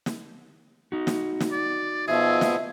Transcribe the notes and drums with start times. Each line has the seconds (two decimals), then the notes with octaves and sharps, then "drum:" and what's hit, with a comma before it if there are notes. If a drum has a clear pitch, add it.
0.06 drum: snare
0.92 D#4 F#4
1.07 drum: snare
1.40 drum: snare
1.52 D5
2.08 B2 F3 G#4 E5
2.41 drum: snare